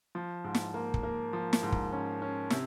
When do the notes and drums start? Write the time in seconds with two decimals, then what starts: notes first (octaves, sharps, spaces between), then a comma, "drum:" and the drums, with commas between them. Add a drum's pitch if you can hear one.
0.15 F3
0.44 G#2
0.55 drum: snare
0.74 A#3
0.94 drum: kick
1.03 A#3
1.33 F3
1.53 drum: snare
1.63 G#2
1.72 drum: kick
1.92 C#4
2.22 C#4
2.50 C3, drum: snare